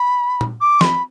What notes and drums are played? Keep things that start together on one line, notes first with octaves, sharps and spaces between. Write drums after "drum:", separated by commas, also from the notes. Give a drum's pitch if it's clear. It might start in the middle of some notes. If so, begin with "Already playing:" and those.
Already playing: B5
drum: tom A#2
D6
C6, drum: snare
B5